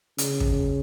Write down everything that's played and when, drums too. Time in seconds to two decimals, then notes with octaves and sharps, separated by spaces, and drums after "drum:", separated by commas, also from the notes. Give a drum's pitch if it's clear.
0.18 C#3, drum: hi-hat
0.40 drum: kick